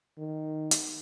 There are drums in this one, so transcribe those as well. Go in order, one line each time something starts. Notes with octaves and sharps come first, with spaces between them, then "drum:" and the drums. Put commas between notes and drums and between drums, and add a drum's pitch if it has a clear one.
D#3
drum: hi-hat